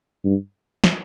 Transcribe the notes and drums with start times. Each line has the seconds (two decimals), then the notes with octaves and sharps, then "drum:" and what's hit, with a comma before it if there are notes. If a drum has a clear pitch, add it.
0.25 G2
0.84 drum: snare